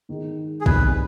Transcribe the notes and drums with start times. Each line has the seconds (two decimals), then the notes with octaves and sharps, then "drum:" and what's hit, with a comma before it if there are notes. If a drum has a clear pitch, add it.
0.09 G#2 D#3 G#3
0.61 G#4
0.66 F2 C3 D#3 G3 B4, drum: kick A1